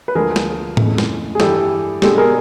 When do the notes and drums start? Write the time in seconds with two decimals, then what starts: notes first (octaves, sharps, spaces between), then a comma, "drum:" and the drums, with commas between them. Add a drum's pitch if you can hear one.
0.08 B4
0.15 D2 D3 F3 G#3 G#4 A#4
0.36 drum: snare
0.77 F2 C#3 E3 A3, drum: tom A2
0.98 drum: snare
1.35 G#4
1.40 G2 E3 G#3 G4 A4, drum: snare
2.02 B2 G#3 B3 D4 G4 A4, drum: snare
2.18 G#4 A#4